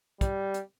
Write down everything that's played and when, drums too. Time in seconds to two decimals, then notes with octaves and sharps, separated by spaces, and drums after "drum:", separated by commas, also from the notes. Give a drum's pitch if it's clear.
0.21 G3, drum: kick, hi-hat
0.54 drum: hi-hat